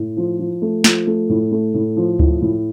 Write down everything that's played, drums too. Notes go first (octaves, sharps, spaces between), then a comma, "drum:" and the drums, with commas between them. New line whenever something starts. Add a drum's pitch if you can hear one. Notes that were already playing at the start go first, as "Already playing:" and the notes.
Already playing: A2
F3
F3
A3
F3, drum: snare
A3
A2
A3
A2
F3
A2, drum: kick D2
A2